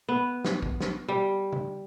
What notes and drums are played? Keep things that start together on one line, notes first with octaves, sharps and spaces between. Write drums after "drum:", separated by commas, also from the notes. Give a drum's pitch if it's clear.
B3
drum: snare
drum: kick
drum: snare
G3
drum: tom C#3